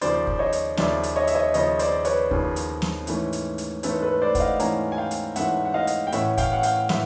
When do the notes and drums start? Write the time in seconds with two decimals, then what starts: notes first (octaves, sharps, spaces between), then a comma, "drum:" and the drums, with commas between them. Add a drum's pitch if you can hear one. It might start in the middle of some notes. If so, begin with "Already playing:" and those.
0.01 D#2 C#3 F3 C5 D5, drum: hi-hat
0.27 drum: kick
0.39 C#5 D#5
0.52 drum: hi-hat
0.77 D#2 C#3 F3 D5 E5, drum: snare
1.03 drum: hi-hat
1.16 C#5 D#5
1.27 E5, drum: hi-hat
1.35 C#5 D#5
1.54 D#2 C#3 F3 C#5 D#5, drum: hi-hat
1.79 C5 D5, drum: hi-hat
2.05 B4 C#5, drum: hi-hat
2.31 D#2 C#3 F3, drum: kick
2.56 drum: hi-hat
2.82 drum: snare
3.07 G#2 E3 A3 C#4, drum: hi-hat
3.33 drum: hi-hat
3.58 drum: hi-hat
3.83 G#2 E3 A3 C#4 A4 B4, drum: hi-hat
4.02 A4 B4
4.22 C5 D5
4.35 F#5, drum: kick, hi-hat
4.40 D#5 F5
4.60 G#2 E3 A3 C#4 G#5 A#5, drum: hi-hat
4.92 G#5
4.98 F5 G5
5.11 drum: hi-hat
5.36 G#2 E3 A3 C#4 E5 F#5, drum: hi-hat
5.65 F#5
5.74 D#5 F5
5.87 drum: hi-hat
6.07 G5
6.12 A2 E3 A3 C#4 E5 F#5, drum: hi-hat
6.38 F5 G5, drum: kick, hi-hat
6.53 F#5
6.63 F5 G5, drum: hi-hat
6.89 A2 E3 E5 F#5, drum: snare